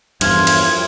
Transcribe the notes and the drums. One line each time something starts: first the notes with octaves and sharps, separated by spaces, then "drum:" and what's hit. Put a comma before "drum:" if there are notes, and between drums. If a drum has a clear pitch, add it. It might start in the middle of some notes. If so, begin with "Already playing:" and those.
E2 G2 F3 F5 G#6, drum: cymbal
drum: cymbal